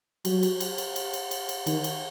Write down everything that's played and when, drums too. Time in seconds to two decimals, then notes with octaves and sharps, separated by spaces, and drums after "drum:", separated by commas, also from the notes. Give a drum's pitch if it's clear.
0.25 F#3, drum: cymbal
0.43 drum: cymbal
0.60 drum: cymbal
0.78 drum: cymbal
0.96 drum: cymbal
1.13 drum: cymbal
1.31 drum: cymbal
1.49 drum: cymbal
1.67 D#3, drum: cymbal
1.84 drum: cymbal